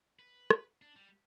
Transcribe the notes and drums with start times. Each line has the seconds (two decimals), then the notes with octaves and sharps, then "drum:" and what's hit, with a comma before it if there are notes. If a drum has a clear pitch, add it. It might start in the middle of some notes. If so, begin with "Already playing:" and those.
0.19 B4
0.50 drum: rim click
0.82 D4
0.96 G3